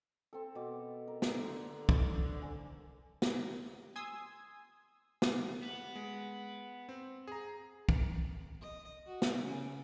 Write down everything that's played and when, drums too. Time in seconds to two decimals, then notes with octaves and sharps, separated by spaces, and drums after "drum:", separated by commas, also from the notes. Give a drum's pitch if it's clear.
0.33 C4 A4
0.55 B2 D6
1.08 A#4
1.22 drum: snare
1.33 D3 C5
1.89 drum: kick
2.42 G#5 A5
3.22 drum: snare
3.96 G#5 C6 D#6 E6 G#6
5.22 drum: snare
5.63 B3
5.95 G#3
6.89 C4
7.27 G#4 A#5
7.89 drum: kick
8.61 D#5
9.06 F#4
9.22 drum: snare
9.39 C#3